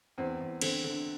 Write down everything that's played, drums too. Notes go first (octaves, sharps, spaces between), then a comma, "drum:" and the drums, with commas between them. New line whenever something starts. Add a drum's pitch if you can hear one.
E2 C4
E2
D3 C4, drum: cymbal
D3